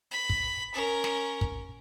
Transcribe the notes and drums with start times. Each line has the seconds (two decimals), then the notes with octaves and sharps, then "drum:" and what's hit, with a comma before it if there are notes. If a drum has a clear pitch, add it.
0.11 B5
0.30 drum: kick
0.74 C#4 A#4
1.04 drum: snare
1.41 drum: kick